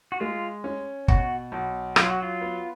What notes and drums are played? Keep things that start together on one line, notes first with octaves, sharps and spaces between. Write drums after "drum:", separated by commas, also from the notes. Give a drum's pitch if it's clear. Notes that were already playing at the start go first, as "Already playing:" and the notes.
F#4
G#3 F4
C#4
B2 F#4, drum: kick
B1
F#3 F4, drum: rim click
F#4
F4
B3